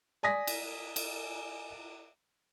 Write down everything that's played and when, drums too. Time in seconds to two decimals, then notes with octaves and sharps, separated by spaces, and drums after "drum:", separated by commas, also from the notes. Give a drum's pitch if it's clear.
0.23 D5 G#5 D#6 A#6 B6
0.47 drum: cymbal
0.96 drum: cymbal